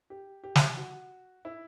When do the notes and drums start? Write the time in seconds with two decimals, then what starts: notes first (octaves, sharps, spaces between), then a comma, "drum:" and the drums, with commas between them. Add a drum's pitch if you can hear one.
0.10 G4
0.44 G4
0.55 drum: snare
0.77 F#4
1.45 E4